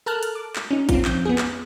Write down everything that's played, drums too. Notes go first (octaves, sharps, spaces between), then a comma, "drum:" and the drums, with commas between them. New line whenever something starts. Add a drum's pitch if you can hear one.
A4 A#4 A5 F6 F#6
drum: hi-hat
D6
drum: clap
C#4 D#4
C4 F4, drum: kick, hi-hat
F2 G6, drum: clap
B3 G#4
drum: clap